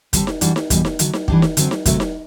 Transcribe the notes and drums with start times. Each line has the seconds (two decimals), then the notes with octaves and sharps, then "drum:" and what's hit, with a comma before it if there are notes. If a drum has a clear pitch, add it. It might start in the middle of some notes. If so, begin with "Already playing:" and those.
0.13 D3 G3 C4 F#4 A4, drum: kick, hi-hat
0.27 drum: snare D#4
0.41 E3 G3 D4 F#4, drum: hi-hat
0.56 drum: snare D#4
0.70 E2 B2 G3, drum: kick, hi-hat
0.85 drum: snare D#4
0.99 D2 D3 F#3, drum: hi-hat
1.13 drum: snare D#4
1.28 E3 G3 D4 G4, drum: kick
1.42 drum: snare D#4
1.57 D3 F#3 C4, drum: hi-hat
1.71 drum: snare D#4
1.86 D2 C3 F#3 A3, drum: kick, hi-hat
2.00 drum: snare D#4